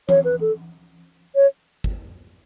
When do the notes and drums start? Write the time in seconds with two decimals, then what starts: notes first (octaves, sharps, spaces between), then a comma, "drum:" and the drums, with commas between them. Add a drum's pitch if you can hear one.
0.09 C#5, drum: tom E3
0.25 B4
0.41 A4
1.36 C#5
1.84 drum: kick